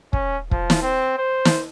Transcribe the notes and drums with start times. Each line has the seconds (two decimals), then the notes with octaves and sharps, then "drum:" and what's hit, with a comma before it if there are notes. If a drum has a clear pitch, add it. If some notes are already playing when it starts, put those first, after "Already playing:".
0.13 C#4, drum: kick
0.51 F3, drum: kick
0.70 drum: snare
0.82 C4
1.18 C5
1.45 drum: snare